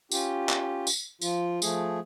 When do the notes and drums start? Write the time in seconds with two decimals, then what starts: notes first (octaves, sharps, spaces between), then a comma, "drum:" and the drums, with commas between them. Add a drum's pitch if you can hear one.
0.12 C#4 F4 G4, drum: tambourine
0.49 drum: clap
0.87 drum: tambourine
1.21 F3 F4, drum: tambourine
1.62 F3 A3 G#4, drum: tambourine